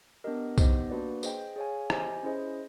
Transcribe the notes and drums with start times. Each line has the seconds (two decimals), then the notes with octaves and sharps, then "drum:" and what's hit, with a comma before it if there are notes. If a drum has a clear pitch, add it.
0.24 B3 D4 G4 A#4 D#5
0.58 B3 D#4 G4 C5 D#5, drum: kick, tambourine
0.90 A#3 D4 F#4 B4 D5
1.23 G#4 C5 D#5 G5, drum: tambourine
1.56 G#4 C#5 F5 G#5
1.90 G4 C5 D#5 G#5, drum: rim click
2.23 C#4 E4 G#4 C5 D#5